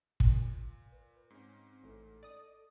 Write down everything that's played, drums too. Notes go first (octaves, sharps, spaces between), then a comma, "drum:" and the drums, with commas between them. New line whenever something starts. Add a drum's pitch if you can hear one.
A#2, drum: kick
B4
G#2 C4 C#4
A1 A4
D5 D#5 D#6